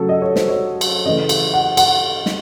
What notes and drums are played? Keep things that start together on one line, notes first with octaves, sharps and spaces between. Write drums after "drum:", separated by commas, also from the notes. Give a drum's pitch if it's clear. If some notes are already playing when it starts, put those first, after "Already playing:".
Already playing: C#3 F#3 A3 A4
D#5
C#5
C5, drum: snare
C#5
drum: cymbal
C#3 E3 A3 D#5
E5, drum: cymbal
F#5
F#5, drum: cymbal
drum: snare